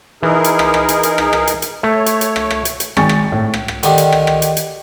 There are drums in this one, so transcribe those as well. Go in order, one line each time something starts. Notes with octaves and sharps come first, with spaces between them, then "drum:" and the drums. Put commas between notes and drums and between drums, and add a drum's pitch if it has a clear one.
E3 D#4 G#4 A#4
drum: hi-hat
drum: rim click
drum: rim click
drum: hi-hat
drum: hi-hat
drum: rim click
drum: rim click
drum: hi-hat
drum: hi-hat
A3 C#5
drum: hi-hat
drum: hi-hat
drum: rim click
drum: rim click
drum: hi-hat
drum: hi-hat
G#1 G#3 G5 G#5 C#6 A6, drum: rim click
drum: rim click
A2
drum: rim click
drum: rim click
D3 D#3 D4 G4, drum: hi-hat
drum: hi-hat
drum: rim click
drum: rim click
drum: hi-hat
drum: hi-hat